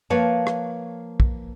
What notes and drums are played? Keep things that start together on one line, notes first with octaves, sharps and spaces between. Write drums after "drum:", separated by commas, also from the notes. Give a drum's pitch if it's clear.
F3 A#3 B4 C#5 F5 A5
drum: rim click
drum: kick